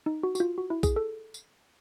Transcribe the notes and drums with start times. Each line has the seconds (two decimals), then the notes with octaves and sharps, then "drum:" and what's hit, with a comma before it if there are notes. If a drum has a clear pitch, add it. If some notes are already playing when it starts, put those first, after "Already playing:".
0.06 D#4
0.23 F#4
0.35 F#4, drum: tambourine
0.40 F4
0.58 F#4
0.70 E4
0.83 G#4, drum: kick A#1, tambourine
0.96 A4
1.34 drum: tambourine